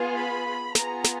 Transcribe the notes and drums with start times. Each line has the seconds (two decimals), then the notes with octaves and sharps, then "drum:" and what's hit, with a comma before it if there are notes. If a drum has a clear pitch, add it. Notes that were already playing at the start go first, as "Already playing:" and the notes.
Already playing: B3 F4 G#4
0.17 B5
0.75 B3 F4 G#4 A#5, drum: snare
1.04 drum: snare